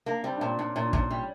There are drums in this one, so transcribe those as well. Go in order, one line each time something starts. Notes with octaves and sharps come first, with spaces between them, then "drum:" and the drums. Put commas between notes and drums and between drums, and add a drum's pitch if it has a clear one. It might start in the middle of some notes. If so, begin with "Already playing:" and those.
A#3 D4
G3 C4
D4
A#2 C#4
A#2 D4
A#2 C#4
D4
A#2, drum: kick
C#4
G3